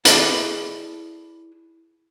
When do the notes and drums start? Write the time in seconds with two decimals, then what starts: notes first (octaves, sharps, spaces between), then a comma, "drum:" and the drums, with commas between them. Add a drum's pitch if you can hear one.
0.05 E4 G#4 A4 B4 D5 D#5, drum: hi-hat